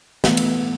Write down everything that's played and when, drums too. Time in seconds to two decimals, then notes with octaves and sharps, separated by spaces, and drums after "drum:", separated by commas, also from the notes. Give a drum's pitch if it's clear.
0.24 E3 A3 B3, drum: snare
0.37 drum: cymbal